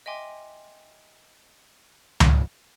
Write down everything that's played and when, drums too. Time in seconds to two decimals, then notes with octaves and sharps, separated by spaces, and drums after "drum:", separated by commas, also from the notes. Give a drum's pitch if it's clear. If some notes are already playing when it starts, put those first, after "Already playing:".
0.06 D#5 E5 G5 G#5 C6 D6
2.20 drum: tom C#2